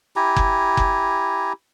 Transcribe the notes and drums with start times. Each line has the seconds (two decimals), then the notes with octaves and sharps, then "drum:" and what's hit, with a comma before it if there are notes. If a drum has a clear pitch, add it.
0.16 E4 G4 G#5 A#5
0.36 drum: kick F#1
0.77 drum: kick F#1